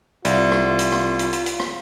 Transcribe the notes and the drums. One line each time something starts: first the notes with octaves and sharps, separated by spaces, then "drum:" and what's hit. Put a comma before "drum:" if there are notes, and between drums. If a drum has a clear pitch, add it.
C2 F4 D5 E5, drum: hi-hat
drum: rim click
drum: hi-hat
drum: rim click
drum: hi-hat
drum: hi-hat
drum: hi-hat
drum: rim click